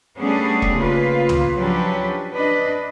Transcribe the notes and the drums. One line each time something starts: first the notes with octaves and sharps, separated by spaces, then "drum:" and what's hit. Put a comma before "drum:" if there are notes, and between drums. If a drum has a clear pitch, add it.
G3 A3 B3 C#4 D4 G#4
drum: kick E1
C#3 A#3 F4 B4
drum: tom
F3 F#3 C#4 D4 G4 B4
D4 B4 D#5